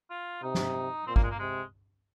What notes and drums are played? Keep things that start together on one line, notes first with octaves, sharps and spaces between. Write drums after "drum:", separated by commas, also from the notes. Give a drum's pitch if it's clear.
F4
C3 D#4
drum: snare
A#2 C4
A#3, drum: kick
G#3
A#3
C3 G#3